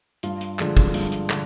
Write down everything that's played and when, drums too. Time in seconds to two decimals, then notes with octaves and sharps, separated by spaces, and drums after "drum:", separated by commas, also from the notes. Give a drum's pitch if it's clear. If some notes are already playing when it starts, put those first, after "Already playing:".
0.23 G2 F4, drum: hi-hat
0.41 drum: hi-hat
0.59 D3 F3 G#3, drum: clap
0.77 drum: kick
0.94 G2, drum: hi-hat
1.12 drum: hi-hat
1.30 D3, drum: clap